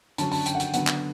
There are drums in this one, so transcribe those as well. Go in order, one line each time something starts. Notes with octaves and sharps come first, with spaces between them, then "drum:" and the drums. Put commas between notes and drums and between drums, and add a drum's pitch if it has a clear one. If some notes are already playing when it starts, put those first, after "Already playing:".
D3 F#3 C#4 A5, drum: hi-hat
A5, drum: open hi-hat
G5, drum: hi-hat
F#5
G5, drum: hi-hat
D3 F#3 B3 F#5, drum: hi-hat
drum: clap